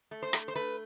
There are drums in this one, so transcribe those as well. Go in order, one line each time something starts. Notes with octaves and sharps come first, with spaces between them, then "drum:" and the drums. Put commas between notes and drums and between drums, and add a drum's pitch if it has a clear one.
A3
C5
A3, drum: rim click
C5
A3 B4